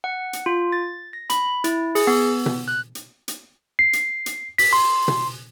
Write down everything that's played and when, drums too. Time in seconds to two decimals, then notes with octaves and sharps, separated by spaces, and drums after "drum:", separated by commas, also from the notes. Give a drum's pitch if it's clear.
0.04 F#5
0.33 drum: hi-hat
0.46 F4
0.72 A6
1.13 A#6
1.30 B5, drum: hi-hat
1.64 E4, drum: hi-hat
1.95 G#4, drum: open hi-hat
2.07 B3
2.46 drum: tom B2
2.68 F#6
2.95 drum: hi-hat
3.28 drum: hi-hat
3.79 C7
3.93 drum: hi-hat
4.26 drum: hi-hat
4.58 B6, drum: open hi-hat
4.73 C6
5.08 drum: tom B2